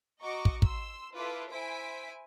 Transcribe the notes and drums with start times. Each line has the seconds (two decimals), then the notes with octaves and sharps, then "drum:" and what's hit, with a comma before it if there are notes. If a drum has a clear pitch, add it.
0.21 F#4 D#5 A#5 C#6 D6
0.45 drum: kick
0.62 C6 E6, drum: kick
1.15 E4 F4 A4 B4 D6
1.51 E4 C5 G#5 B6 D7